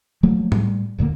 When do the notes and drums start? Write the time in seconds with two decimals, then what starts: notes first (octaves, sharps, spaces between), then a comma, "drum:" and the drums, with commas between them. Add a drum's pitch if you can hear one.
0.23 F3 F#3 A3 A#3
0.52 A2 G3, drum: tom
0.98 E1 A#2 D3 A#3